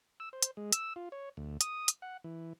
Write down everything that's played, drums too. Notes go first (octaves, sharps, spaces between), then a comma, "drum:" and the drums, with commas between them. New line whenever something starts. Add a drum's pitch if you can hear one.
E6
C5
drum: hi-hat
G#3
E6, drum: hi-hat
F4
C#5
D2
D#6, drum: hi-hat
drum: hi-hat
F#5
E3